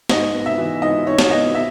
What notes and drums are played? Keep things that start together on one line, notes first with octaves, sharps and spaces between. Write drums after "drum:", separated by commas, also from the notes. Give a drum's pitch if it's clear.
G#2 D#5, drum: snare
B3
E5
E3
G#2 D#5
D#4 C#5
drum: snare
B3 D#5
E5